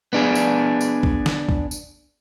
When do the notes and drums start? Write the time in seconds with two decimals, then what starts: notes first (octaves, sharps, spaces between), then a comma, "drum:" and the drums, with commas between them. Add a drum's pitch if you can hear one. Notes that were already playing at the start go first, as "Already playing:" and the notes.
0.13 B3 D4 G#4
0.35 drum: tambourine
0.81 drum: tambourine
1.03 drum: kick
1.26 drum: snare
1.49 drum: kick
1.71 drum: tambourine